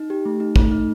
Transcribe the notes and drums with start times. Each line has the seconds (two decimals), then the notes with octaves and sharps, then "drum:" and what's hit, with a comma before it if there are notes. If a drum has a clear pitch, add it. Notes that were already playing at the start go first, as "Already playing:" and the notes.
Already playing: D#4
0.10 G4
0.25 A3
0.40 D#4
0.56 A3, drum: kick
0.71 D#4